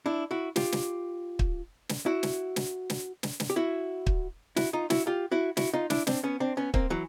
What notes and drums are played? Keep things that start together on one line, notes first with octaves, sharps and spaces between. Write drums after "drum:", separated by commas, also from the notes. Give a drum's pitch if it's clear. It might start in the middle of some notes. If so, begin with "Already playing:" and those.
D4 E4
E4 F#4
F4 G4, drum: snare
drum: snare
drum: kick
drum: snare
E4 F#4
drum: snare
drum: snare
drum: snare
drum: snare
drum: snare
G4
E4 F#4
drum: kick
E4 F#4, drum: snare
D#4 F4
E4 F#4, drum: snare
F4 G4
E4 F#4
E4 F#4, drum: snare
D#4 F4
D4 E4, drum: snare
C4 D4, drum: snare
B3 C#4
C4 D4
B3 C#4
A#3 C4, drum: kick
E3 F#3